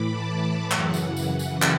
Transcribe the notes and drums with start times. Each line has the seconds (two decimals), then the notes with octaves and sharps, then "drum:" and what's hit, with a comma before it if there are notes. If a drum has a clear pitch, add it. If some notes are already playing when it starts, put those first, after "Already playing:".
Already playing: A2 E3 B5 D6
0.10 A5
0.71 F#2 C#3 E3 F#5, drum: clap
0.94 drum: tambourine
1.17 F#5, drum: tambourine
1.39 drum: tambourine
1.62 drum: clap